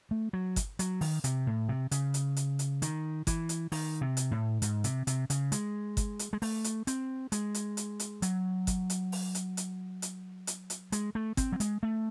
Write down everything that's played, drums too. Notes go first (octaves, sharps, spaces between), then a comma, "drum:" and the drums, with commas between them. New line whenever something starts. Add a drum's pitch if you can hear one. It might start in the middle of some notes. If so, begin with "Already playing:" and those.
A3
F#3
drum: kick G1, hi-hat
F#3, drum: hi-hat
D#3, drum: open hi-hat
C3, drum: hi-hat
A2
C3
C#3, drum: hi-hat
drum: hi-hat
drum: hi-hat
drum: hi-hat
D#3, drum: hi-hat
E3, drum: kick G1, hi-hat
drum: hi-hat
D#3, drum: open hi-hat
C3
drum: hi-hat
A2
G#2, drum: hi-hat
C3, drum: hi-hat
C3, drum: hi-hat
C#3, drum: hi-hat
G#3, drum: hi-hat
drum: kick G1, hi-hat
drum: hi-hat
G#3
A3, drum: open hi-hat
drum: hi-hat
C4, drum: hi-hat
G#3, drum: hi-hat
drum: hi-hat
drum: hi-hat
drum: hi-hat
F#3, drum: hi-hat
drum: kick G1, hi-hat
drum: hi-hat
drum: open hi-hat
drum: hi-hat
drum: hi-hat
drum: hi-hat
drum: hi-hat
drum: hi-hat
G#3, drum: hi-hat
A3
C4, drum: kick G1, hi-hat
F#3
G#3, drum: hi-hat
A3